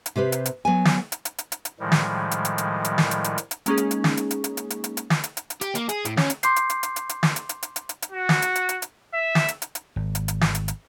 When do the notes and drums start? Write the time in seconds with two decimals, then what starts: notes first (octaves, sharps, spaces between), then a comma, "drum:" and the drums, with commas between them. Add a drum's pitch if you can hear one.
0.06 drum: hi-hat
0.16 C3 G4 B4 C5
0.32 drum: hi-hat
0.46 drum: hi-hat
0.65 F#3 B3 G#5
0.85 drum: snare
1.12 drum: hi-hat
1.25 drum: hi-hat
1.38 drum: hi-hat
1.52 drum: hi-hat
1.65 drum: hi-hat
1.80 A2 D#3 F3 G3 G#3
1.92 drum: snare
2.31 drum: hi-hat
2.45 drum: hi-hat
2.58 drum: hi-hat
2.85 drum: hi-hat
2.98 drum: snare
3.11 drum: hi-hat
3.24 drum: hi-hat
3.38 drum: hi-hat
3.51 drum: hi-hat
3.66 G#3 A#3 C#4 D#4 G#4, drum: hi-hat
3.77 drum: hi-hat
3.91 drum: hi-hat
4.04 drum: snare
4.17 drum: hi-hat
4.31 drum: hi-hat
4.44 drum: hi-hat
4.57 drum: hi-hat
4.70 drum: hi-hat
4.84 drum: hi-hat
4.97 drum: hi-hat
5.10 drum: snare
5.24 drum: hi-hat
5.37 drum: hi-hat
5.50 drum: hi-hat
5.61 G4, drum: hi-hat
5.75 A#3, drum: hi-hat
5.89 G#4, drum: hi-hat
6.05 A2, drum: hi-hat
6.17 C#4, drum: snare
6.30 drum: hi-hat
6.43 C6 D6 G6 C7, drum: hi-hat
6.56 drum: hi-hat
6.70 drum: hi-hat
6.83 drum: hi-hat
6.96 drum: hi-hat
7.09 drum: hi-hat
7.23 drum: snare
7.36 drum: hi-hat
7.49 drum: hi-hat
7.63 drum: hi-hat
7.76 drum: hi-hat
7.89 drum: hi-hat
8.02 drum: hi-hat
8.12 F#4
8.29 drum: snare
8.42 drum: hi-hat
8.55 drum: hi-hat
8.69 drum: hi-hat
8.82 drum: hi-hat
9.14 E5
9.35 drum: snare
9.48 drum: hi-hat
9.62 drum: hi-hat
9.75 drum: hi-hat
9.96 G#1
10.15 drum: hi-hat
10.28 drum: hi-hat
10.41 drum: snare
10.55 drum: hi-hat
10.68 drum: hi-hat